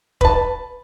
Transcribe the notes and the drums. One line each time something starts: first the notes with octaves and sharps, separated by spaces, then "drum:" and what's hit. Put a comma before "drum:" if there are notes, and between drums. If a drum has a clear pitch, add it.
B4 A5, drum: kick E1